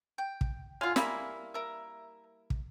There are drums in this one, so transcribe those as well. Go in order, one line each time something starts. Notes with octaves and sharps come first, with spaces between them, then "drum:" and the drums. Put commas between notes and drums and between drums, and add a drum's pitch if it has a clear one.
G5
drum: kick
D3 F4 F5 G#5 C6
G3 A#3 E4, drum: snare
A#4 E5
drum: kick